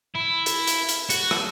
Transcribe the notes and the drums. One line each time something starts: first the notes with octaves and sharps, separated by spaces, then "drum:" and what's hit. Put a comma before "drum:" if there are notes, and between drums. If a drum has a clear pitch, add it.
E4
drum: hi-hat
drum: hi-hat
drum: hi-hat
F#4, drum: hi-hat
drum: rim click